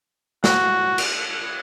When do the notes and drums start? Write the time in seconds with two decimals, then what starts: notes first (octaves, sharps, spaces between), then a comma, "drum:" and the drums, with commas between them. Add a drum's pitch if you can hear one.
0.44 F#4, drum: snare
0.98 drum: cymbal